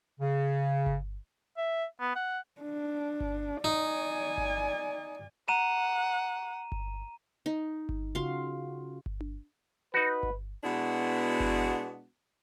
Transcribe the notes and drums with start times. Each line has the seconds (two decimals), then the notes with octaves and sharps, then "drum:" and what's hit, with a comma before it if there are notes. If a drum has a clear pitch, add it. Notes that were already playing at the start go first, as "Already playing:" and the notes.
0.20 C#3
0.86 drum: kick G1
1.57 E5
2.00 B3
2.16 F#5
2.61 D4
3.20 drum: kick G1
3.64 D#4 D5 G#5
4.38 drum: kick G1
5.48 F#5 A#5 D#7 E7
6.72 drum: kick G1
7.46 D#4
7.89 drum: kick G1
8.15 C#3 F4 F#4 F5 C6
9.06 drum: kick G1
9.21 drum: tom D4
9.94 D#4 F#4 B4
10.23 drum: kick G1
10.64 B2 G#3 B3 D4 E4 F#4
11.40 drum: kick G1